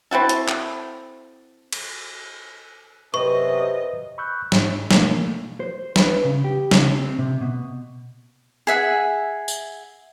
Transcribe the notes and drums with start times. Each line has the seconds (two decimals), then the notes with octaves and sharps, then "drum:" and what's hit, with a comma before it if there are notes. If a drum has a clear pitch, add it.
0.11 C4 E4 F#4 A4
0.29 drum: hi-hat
0.48 drum: clap
1.73 drum: cymbal
3.14 F#2 C3 B4 D#5 C#6
4.18 B5 C#6 E6 F#6 G6
4.52 G#2, drum: snare
4.91 B2 E3 F3 G3 A3 A#3, drum: snare
5.60 C5
5.96 B4, drum: snare
6.24 C#3
6.44 G4
6.71 C#3, drum: snare
6.99 C4
7.19 C3
7.41 B2
8.67 G#4 E5 F#5 G#5
9.48 drum: tambourine